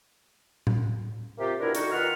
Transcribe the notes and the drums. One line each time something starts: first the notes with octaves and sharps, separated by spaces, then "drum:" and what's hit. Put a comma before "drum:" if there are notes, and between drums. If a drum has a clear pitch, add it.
drum: tom A2
C3 A#3 F4 G4
B2 D4 E4 A#4
D3 D#3 D#4 F#4, drum: hi-hat
D#2 D#4 F4 B4 F#5 F6